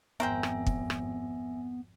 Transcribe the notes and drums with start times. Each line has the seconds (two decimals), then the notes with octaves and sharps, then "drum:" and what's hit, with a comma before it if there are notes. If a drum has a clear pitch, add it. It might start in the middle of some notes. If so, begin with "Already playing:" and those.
0.20 G#1 F2 B3 A#4 C5 E5 G5 G#5
0.43 drum: rim click
0.67 drum: kick
0.90 drum: rim click